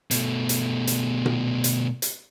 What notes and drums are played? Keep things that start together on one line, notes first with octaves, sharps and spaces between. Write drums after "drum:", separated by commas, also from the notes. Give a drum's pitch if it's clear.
B2 A3, drum: hi-hat
drum: hi-hat
drum: hi-hat
drum: tom A#2
drum: hi-hat
drum: hi-hat